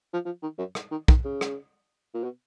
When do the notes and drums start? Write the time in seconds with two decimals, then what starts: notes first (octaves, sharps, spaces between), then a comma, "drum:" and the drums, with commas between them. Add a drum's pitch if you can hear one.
0.13 F3
0.25 F3
0.42 D#3
0.58 F#2
0.75 drum: rim click
0.91 D#3
1.08 D#3, drum: kick
1.25 C#3
1.41 drum: rim click
2.14 A#2
2.24 B2